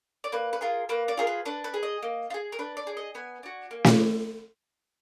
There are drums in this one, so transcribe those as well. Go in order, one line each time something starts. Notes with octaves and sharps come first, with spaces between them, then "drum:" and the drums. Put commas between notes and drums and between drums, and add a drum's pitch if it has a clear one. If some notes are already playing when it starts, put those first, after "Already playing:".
D5
A#3 B4
B4
F4 G#4 A#4
A#3 B4
D5
F4 G#4 A#4
B4
D4 B4
B4
G#4
D#5
A#3
F4
G#4
A#4
D4 B4
D5
G#4
D#5
B3 G#5
D4 F#4
A#3
drum: snare